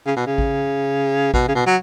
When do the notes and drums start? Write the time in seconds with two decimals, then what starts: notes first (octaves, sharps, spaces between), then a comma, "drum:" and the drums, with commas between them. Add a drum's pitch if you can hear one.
0.07 C#3
0.16 B2
0.27 C#3
0.38 drum: kick A1
1.34 B2, drum: kick A1
1.48 C#3
1.55 B2
1.66 F#3